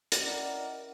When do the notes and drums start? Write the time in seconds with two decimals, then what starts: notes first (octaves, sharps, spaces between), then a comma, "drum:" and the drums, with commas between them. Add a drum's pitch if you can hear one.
0.12 drum: hi-hat
0.22 C#4 E4 A#4 D5 D#5 F#5